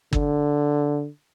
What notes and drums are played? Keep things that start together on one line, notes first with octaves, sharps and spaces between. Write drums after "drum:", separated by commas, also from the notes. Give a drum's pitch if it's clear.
D3, drum: kick